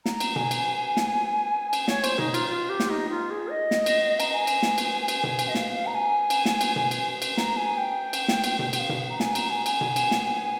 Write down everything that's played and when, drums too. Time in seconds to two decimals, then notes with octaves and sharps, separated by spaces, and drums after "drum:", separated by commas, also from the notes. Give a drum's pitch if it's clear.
0.06 A#5, drum: snare
0.20 drum: cymbal
0.36 G#5, drum: tom B2
0.51 drum: cymbal
0.97 drum: snare
1.73 drum: cymbal
1.88 C#5, drum: snare
2.04 C5, drum: cymbal
2.19 D#4, drum: tom B2
2.34 F4, drum: cymbal
2.49 F4
2.69 G4
2.80 drum: snare
2.90 D#4
3.10 F4
3.30 G#4
3.51 D#5
3.71 drum: snare
3.86 drum: cymbal
4.20 A#5, drum: cymbal
4.32 G#5
4.47 drum: cymbal
4.63 drum: snare
4.78 drum: cymbal
5.08 drum: cymbal
5.24 drum: tom B2
5.39 drum: cymbal
5.48 D#5
5.55 F5, drum: snare
5.74 F5
5.86 A#5
5.95 G#5
6.30 drum: cymbal
6.45 drum: snare
6.61 drum: cymbal
6.76 drum: tom B2
6.91 drum: cymbal
7.22 drum: cymbal
7.37 A#5, drum: snare
7.57 G#5
7.77 G5
8.13 drum: cymbal
8.28 drum: snare
8.44 drum: cymbal
8.59 G5, drum: tom B2
8.73 G5, drum: cymbal
8.79 F5
8.89 drum: tom B2
9.10 A#5
9.20 G#5, drum: snare
9.35 A#5, drum: cymbal
9.50 G#5
9.66 G#5, drum: cymbal
9.81 drum: tom B2
9.96 drum: cymbal
10.11 drum: snare